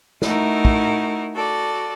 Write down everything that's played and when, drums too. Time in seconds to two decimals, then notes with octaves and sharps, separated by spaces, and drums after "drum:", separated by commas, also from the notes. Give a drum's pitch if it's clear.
0.22 A3 D#4 E4 F#4 A#4, drum: snare
0.65 drum: kick
1.33 F#4 A4 D5